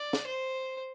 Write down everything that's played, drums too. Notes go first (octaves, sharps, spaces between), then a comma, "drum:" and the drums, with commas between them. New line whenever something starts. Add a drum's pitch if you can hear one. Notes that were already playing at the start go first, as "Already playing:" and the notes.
Already playing: D5
drum: snare
C5